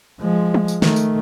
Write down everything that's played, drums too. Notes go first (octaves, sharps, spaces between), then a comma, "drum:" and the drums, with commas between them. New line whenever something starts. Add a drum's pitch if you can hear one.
F3 G#3
drum: tom
drum: tambourine
D#3 A3, drum: snare
drum: tambourine